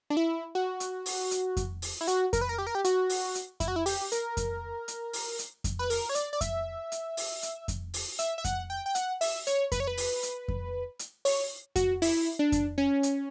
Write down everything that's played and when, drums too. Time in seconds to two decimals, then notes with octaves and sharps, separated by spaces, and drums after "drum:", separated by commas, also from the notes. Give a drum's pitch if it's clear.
0.10 D4
0.17 E4
0.55 F#4
0.80 drum: hi-hat
1.06 drum: open hi-hat
1.31 drum: hi-hat
1.57 drum: kick F2, hi-hat
1.82 drum: open hi-hat
2.01 E4
2.08 F#4, drum: hi-hat
2.33 A#4, drum: kick F2, hi-hat
2.41 B4
2.49 A#4
2.58 G4
2.67 A#4
2.75 G4
2.85 F#4, drum: hi-hat
3.09 drum: open hi-hat
3.35 drum: hi-hat
3.60 E4, drum: kick F2, hi-hat
3.68 F#4
3.76 E4
3.86 G4, drum: open hi-hat
4.12 A#4, drum: hi-hat
4.37 drum: kick F2, hi-hat
4.88 drum: hi-hat
5.13 drum: open hi-hat
5.39 drum: hi-hat
5.64 drum: kick F2, hi-hat
5.79 B4
5.90 A#4, drum: open hi-hat
6.09 C#5
6.15 D5, drum: hi-hat
6.33 D5
6.41 E5, drum: kick F2, hi-hat
6.92 drum: hi-hat
7.17 drum: open hi-hat
7.43 drum: hi-hat
7.68 drum: kick F2, hi-hat
7.94 drum: open hi-hat
8.19 E5, drum: hi-hat
8.38 E5
8.45 F#5, drum: kick F2, hi-hat
8.70 G5
8.86 G5
8.95 F#5, drum: hi-hat
9.21 E5, drum: open hi-hat
9.47 C#5, drum: hi-hat
9.72 B4, drum: kick F2, hi-hat
9.80 C#5
9.87 B4
9.97 drum: open hi-hat
10.23 drum: hi-hat
10.48 drum: kick F2
10.99 drum: hi-hat
11.25 C#5, drum: open hi-hat
11.76 F#4, drum: kick F2, hi-hat
12.02 E4, drum: open hi-hat
12.39 D4
12.52 drum: kick F2, hi-hat
12.78 C#4
13.03 drum: hi-hat